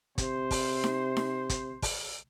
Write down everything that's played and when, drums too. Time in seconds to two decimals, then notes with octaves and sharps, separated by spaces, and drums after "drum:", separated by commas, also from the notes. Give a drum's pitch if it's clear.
0.18 C3 C5, drum: kick, hi-hat
0.51 drum: kick, open hi-hat
0.84 drum: snare D#4
1.17 drum: snare D#4
1.49 drum: kick, hi-hat
1.82 drum: kick, open hi-hat